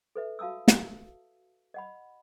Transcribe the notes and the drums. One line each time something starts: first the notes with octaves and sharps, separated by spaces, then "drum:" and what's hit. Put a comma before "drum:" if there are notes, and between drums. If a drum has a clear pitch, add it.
A4 B4 E5
F#4 F5 A5 D#6 E6
drum: snare
D#5 F#5 B5